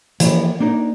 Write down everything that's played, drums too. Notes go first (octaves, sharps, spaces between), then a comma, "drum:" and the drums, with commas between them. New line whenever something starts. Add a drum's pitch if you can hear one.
E3 F3 A#3 E4 G4 C#5, drum: hi-hat
A#3 D4 D#4 D5